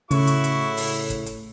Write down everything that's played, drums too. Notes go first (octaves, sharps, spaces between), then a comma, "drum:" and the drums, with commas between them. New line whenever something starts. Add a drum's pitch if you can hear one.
A2 C#3 E4 F#4 C#6, drum: hi-hat
drum: hi-hat
drum: hi-hat
drum: open hi-hat
drum: kick, hi-hat
drum: hi-hat